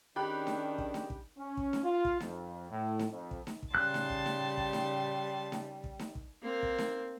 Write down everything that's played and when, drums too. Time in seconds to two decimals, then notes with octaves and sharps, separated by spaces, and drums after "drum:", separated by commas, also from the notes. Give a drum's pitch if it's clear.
0.16 D#3 C#4 D4 G4 G#4 B5 F#6
0.47 drum: snare D#4
0.78 drum: kick
0.94 drum: snare D#4
1.10 drum: kick
1.38 C#4
1.57 drum: kick
1.73 drum: snare D#4
1.84 F4
2.05 drum: kick
2.20 F2, drum: snare D#4
2.70 A2
2.99 drum: snare D#4
3.11 F2
3.31 drum: kick
3.47 drum: snare D#4
3.63 drum: kick
3.75 C#3 G3 A5 C6 F#6
3.94 drum: snare D#4
4.10 drum: kick
4.26 drum: snare D#4
4.57 drum: kick
4.73 drum: snare D#4
5.52 drum: snare D#4
5.84 drum: kick
5.99 drum: snare D#4
6.15 drum: kick
6.42 A#3 C4
6.63 drum: kick
6.78 drum: snare D#4